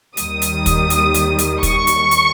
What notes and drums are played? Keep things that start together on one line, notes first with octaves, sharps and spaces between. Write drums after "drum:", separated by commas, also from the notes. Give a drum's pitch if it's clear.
D#2 D#3 G3 D#6, drum: hi-hat
drum: hi-hat
drum: kick, hi-hat
drum: hi-hat
drum: hi-hat
drum: hi-hat
C#6, drum: kick, hi-hat
drum: hi-hat
drum: hi-hat